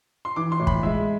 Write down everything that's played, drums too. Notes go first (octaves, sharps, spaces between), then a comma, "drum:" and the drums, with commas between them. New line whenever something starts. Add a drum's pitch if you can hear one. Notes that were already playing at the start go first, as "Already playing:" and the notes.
C6
E3 D6
C6
A2
B5, drum: kick
G#3 E5